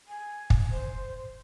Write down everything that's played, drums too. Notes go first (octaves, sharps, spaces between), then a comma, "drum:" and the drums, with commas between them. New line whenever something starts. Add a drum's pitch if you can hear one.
G#5
drum: kick
C5